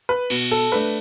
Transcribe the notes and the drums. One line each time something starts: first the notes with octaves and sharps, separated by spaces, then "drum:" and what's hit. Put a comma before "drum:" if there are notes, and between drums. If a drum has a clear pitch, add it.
B4
B2, drum: cymbal
A4
A3 D4 B4